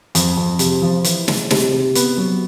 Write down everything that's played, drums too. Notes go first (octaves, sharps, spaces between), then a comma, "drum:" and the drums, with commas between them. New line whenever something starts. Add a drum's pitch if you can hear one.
F2, drum: hi-hat
F2
C3, drum: hi-hat
F3
E3, drum: hi-hat
G#3, drum: snare
C3, drum: snare
C3
B3, drum: hi-hat
F#3